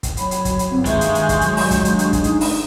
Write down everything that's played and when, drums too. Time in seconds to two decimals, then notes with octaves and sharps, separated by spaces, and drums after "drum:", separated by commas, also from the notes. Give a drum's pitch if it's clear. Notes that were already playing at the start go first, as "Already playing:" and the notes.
0.03 drum: kick, hi-hat
0.17 F#3 C#5 B5, drum: hi-hat
0.31 drum: hi-hat
0.45 drum: kick, hi-hat
0.59 drum: hi-hat
0.70 G1 C4
0.85 D#3 G#3 A#3 E5 C6 C#6 G6, drum: kick, hi-hat
1.01 drum: hi-hat
1.15 drum: hi-hat
1.29 drum: kick, hi-hat
1.41 F#3, drum: hi-hat
1.57 drum: open hi-hat
1.71 A#3 D4, drum: kick, hi-hat
1.85 drum: hi-hat
1.99 drum: hi-hat
2.13 drum: kick, hi-hat
2.24 D#4 D#6, drum: hi-hat
2.41 drum: open hi-hat